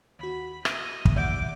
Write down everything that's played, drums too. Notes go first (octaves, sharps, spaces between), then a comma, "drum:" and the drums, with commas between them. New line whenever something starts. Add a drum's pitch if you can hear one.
D#2 F#4 B5
D#5 E5, drum: rim click
drum: kick
D#2 D5 E5 F#5 D6 G6